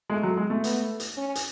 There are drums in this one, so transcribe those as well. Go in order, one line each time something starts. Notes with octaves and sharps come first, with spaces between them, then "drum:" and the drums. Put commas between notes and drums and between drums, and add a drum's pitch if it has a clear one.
G#3 A3
F#3
G#3
A3
B3, drum: hi-hat
drum: hi-hat
C#4
drum: hi-hat